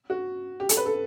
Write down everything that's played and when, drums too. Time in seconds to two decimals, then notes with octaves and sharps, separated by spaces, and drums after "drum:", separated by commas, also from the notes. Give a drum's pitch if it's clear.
0.10 F#4
0.60 G4
0.69 A4, drum: hi-hat
0.77 B4
0.86 A4